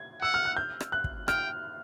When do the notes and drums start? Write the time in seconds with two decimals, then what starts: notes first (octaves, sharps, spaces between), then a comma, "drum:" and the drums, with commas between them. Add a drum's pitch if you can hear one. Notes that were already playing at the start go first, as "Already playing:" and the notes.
Already playing: G#6
0.21 F#5 E6
0.34 F6
0.45 F#6
0.57 G6
0.80 drum: rim click
0.92 F#6
1.04 drum: kick
1.28 G5 F6, drum: rim click